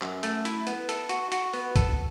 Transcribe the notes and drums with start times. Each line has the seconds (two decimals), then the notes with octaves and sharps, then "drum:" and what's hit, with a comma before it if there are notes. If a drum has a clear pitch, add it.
0.01 F#2, drum: clap
0.23 A3, drum: hi-hat
0.45 E4, drum: hi-hat
0.67 B3, drum: hi-hat
0.89 A4, drum: hi-hat
1.09 F#4, drum: hi-hat
1.32 F#4, drum: hi-hat
1.53 B3, drum: open hi-hat
1.76 A4, drum: kick, hi-hat